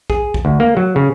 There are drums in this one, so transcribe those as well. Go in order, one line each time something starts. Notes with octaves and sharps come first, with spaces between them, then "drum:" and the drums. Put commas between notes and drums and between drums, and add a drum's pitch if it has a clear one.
G#4, drum: kick A#1
drum: kick A#1
D2
A#3
F#3
C#3